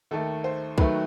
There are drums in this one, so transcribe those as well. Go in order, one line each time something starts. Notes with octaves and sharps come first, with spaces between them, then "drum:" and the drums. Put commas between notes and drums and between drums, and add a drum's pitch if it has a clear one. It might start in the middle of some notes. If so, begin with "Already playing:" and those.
D#2 D#3 A3 A4
C5
D#2 D#3 F#3 A3 B4, drum: kick